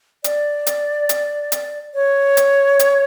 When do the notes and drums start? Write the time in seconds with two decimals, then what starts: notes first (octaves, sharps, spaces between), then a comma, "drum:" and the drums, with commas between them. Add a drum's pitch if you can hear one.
0.24 D5, drum: hi-hat
0.67 drum: hi-hat
1.09 drum: hi-hat
1.52 drum: hi-hat
1.94 C#5
2.37 drum: hi-hat
2.79 drum: hi-hat